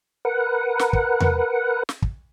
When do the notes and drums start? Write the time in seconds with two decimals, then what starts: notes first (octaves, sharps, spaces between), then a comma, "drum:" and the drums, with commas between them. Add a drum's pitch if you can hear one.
0.25 A#4 B4 F#5
0.79 drum: snare
0.93 drum: kick
1.20 drum: tom E2
1.89 drum: snare
2.02 drum: kick